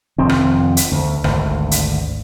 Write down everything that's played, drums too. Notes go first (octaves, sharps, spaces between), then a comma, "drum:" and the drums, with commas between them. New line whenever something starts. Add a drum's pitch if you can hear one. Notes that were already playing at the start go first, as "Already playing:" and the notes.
F1 D#3 F3 C4
drum: rim click
drum: hi-hat
D2
G#1 D2, drum: rim click
drum: hi-hat